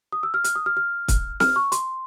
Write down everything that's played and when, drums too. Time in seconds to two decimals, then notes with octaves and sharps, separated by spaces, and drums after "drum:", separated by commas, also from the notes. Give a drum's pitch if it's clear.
0.12 D#6
0.23 E6
0.34 F6
0.44 F6, drum: hi-hat
0.55 D#6
0.66 F6
0.77 F6
1.08 drum: kick, hi-hat
1.40 F6, drum: snare
1.56 C#6
1.72 C6, drum: hi-hat